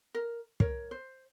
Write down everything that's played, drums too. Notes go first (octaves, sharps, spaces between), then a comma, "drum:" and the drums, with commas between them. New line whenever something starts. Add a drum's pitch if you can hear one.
A#4
A#4 C#5, drum: kick
C5